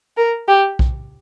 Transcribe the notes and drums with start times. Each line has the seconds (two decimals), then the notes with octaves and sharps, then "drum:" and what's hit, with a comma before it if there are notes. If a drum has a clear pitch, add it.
0.17 A#4
0.48 G4
0.79 drum: kick B1